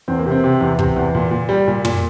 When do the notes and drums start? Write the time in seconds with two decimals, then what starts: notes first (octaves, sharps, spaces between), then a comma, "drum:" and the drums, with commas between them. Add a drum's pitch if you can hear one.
0.08 E2 C4
0.19 A#3
0.26 C3
0.32 C4
0.44 C3
0.61 E2
0.79 C3, drum: kick
0.96 E2
1.15 A#2
1.31 A#2
1.49 G3
1.67 A#2
1.85 A#2, drum: tom